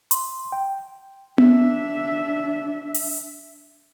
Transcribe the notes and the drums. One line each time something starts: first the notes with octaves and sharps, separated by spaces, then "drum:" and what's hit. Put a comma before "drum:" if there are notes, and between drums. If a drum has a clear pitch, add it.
C6, drum: hi-hat
G5
D4 E5, drum: tom B3
drum: open hi-hat